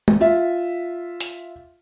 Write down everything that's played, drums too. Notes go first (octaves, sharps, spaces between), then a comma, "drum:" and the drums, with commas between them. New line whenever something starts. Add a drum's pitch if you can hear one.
drum: tom
F4 E5
drum: hi-hat